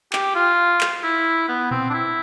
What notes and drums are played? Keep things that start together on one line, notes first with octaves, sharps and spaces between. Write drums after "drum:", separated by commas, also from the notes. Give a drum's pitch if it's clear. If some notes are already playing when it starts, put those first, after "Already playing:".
G4, drum: clap
F4
drum: clap
E4
B3
C4, drum: tom A#2
D4
E4